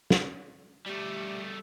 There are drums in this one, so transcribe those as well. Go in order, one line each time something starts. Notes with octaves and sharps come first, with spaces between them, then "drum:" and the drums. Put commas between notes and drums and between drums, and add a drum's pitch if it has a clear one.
drum: snare
G3 A3 G4